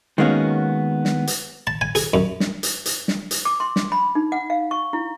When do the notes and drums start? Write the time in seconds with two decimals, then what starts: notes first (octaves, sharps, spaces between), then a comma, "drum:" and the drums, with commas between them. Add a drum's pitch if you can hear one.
0.18 D#3 G#3 A#3 B3 C#4 F#4
1.05 drum: snare
1.27 drum: hi-hat
1.67 A5
1.81 G#5
1.95 G#4, drum: hi-hat
2.14 F#2
2.40 drum: snare
2.63 drum: hi-hat
2.86 drum: hi-hat
3.08 drum: snare
3.31 drum: hi-hat
3.45 D6
3.60 C6
3.76 drum: snare
3.92 B5
4.15 D#4
4.32 F#5
4.50 F5
4.71 C#6
4.93 E4